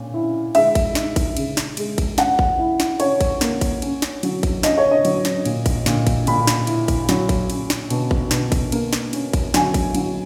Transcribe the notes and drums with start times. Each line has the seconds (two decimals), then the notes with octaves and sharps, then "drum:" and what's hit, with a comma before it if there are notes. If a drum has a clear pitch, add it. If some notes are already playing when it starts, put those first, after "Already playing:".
Already playing: A#2 C#4
0.14 E4
0.55 G#3 E5, drum: cymbal
0.75 drum: kick A1, cymbal
0.95 D#4, drum: snare
1.16 drum: kick A1, cymbal
1.37 C#3, drum: cymbal
1.57 drum: snare
1.77 G#3, drum: cymbal
1.98 drum: kick A1, cymbal
2.18 C#4 F#5, drum: snare
2.39 drum: kick A1
2.59 E4
2.80 drum: snare
3.00 C#4 C#5, drum: cymbal
3.21 drum: kick A1, cymbal
3.41 A#3, drum: snare
3.61 drum: kick A1, cymbal
3.82 C#4, drum: cymbal
4.02 drum: snare
4.23 F#3, drum: cymbal
4.43 drum: kick A1, cymbal
4.63 C#4 D#5, drum: snare
4.78 C#5
4.91 D#5
5.05 F#3, drum: cymbal
5.25 drum: snare
5.45 A#2, drum: cymbal
5.66 drum: kick A1, cymbal
5.86 A#2, drum: snare
6.07 drum: kick A1, cymbal
6.27 A#2 B5, drum: cymbal
6.47 drum: snare
6.67 E4, drum: cymbal
6.88 drum: kick A1, cymbal
7.09 F#3, drum: snare
7.29 drum: kick A1, cymbal
7.50 C#4, drum: cymbal
7.70 drum: snare
7.90 B2, drum: cymbal
8.11 drum: kick A1
8.31 B2, drum: snare
8.52 drum: kick A1, cymbal
8.72 A#3, drum: cymbal
8.93 drum: snare
9.13 C#4, drum: cymbal
9.33 drum: kick A1, cymbal
9.54 F#3 G#5, drum: snare
9.74 drum: kick A1, cymbal
9.95 F#3, drum: cymbal